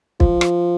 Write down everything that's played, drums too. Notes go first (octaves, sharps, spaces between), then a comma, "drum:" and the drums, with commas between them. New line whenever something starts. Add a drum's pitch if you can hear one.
F3, drum: kick
drum: rim click